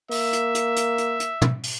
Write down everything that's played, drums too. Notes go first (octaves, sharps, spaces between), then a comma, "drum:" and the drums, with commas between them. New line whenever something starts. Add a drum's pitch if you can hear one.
A#3 E5, drum: open hi-hat
drum: hi-hat
drum: hi-hat
drum: hi-hat
drum: hi-hat
drum: hi-hat
drum: tom
drum: open hi-hat